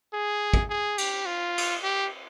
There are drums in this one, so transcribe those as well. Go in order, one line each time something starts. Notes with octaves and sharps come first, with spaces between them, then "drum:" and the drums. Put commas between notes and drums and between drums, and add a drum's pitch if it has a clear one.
G#4
drum: kick
G#4
G4, drum: cymbal
F4
drum: cymbal
G4